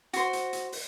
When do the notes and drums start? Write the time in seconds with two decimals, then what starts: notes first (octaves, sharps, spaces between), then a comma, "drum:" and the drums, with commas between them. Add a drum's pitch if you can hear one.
0.13 F#4 C5, drum: hi-hat
0.33 drum: hi-hat
0.53 drum: hi-hat
0.72 drum: open hi-hat